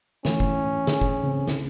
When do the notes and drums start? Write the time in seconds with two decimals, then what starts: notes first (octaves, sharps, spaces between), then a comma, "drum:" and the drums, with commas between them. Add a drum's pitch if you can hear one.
0.25 E3 A3 C#4, drum: snare
0.40 drum: kick F#1
0.87 G#4, drum: snare
1.01 drum: kick F#1
1.24 C#3 C4
1.47 drum: snare